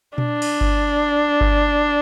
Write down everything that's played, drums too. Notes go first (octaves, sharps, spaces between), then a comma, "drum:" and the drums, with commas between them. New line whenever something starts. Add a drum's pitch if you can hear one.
D4, drum: tom A#2
drum: cymbal
drum: kick G1
drum: kick G1